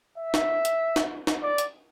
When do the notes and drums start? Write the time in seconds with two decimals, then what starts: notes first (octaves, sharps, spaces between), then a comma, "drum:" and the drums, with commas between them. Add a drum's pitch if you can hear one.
0.18 E5
0.34 drum: snare
0.65 drum: hi-hat
0.96 drum: snare
1.27 drum: snare
1.43 D5
1.58 drum: hi-hat